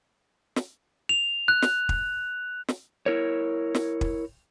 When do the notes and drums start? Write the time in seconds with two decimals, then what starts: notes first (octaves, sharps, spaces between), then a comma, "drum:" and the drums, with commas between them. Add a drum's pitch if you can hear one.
0.56 drum: snare
1.09 F7
1.48 F#6
1.62 drum: snare
1.89 drum: kick
2.68 drum: snare
3.06 E4 A#4 C#5
3.75 drum: snare
4.01 drum: kick